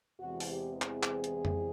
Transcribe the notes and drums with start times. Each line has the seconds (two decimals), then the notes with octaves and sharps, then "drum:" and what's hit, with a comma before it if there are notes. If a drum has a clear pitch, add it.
0.19 E2 C3 E3 G#3 C4 F#4
0.40 drum: open hi-hat
0.51 G4
0.82 G#4, drum: clap
1.03 drum: clap
1.24 drum: hi-hat
1.45 drum: tom F2